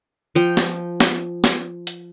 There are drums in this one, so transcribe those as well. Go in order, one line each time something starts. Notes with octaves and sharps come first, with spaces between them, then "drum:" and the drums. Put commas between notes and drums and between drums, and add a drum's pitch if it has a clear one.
F3 G5
drum: snare
drum: snare
drum: snare
drum: hi-hat